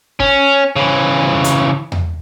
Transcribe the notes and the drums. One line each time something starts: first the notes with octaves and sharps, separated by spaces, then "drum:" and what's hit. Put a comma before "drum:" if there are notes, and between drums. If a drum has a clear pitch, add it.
C#4, drum: kick
C#3 E3
drum: hi-hat
drum: tom E2